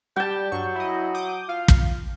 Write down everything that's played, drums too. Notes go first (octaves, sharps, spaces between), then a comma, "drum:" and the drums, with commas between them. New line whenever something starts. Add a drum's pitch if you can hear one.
G3 G4 G5 A5
G2 F#3 C#6
E4 D#5
D6 D#6 G6
F4 F5
drum: kick